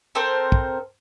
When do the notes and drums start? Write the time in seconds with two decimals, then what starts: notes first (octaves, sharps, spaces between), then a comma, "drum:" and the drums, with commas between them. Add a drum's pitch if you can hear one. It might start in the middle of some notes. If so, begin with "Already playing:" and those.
0.15 C4 A4 A#4 C5
0.52 drum: kick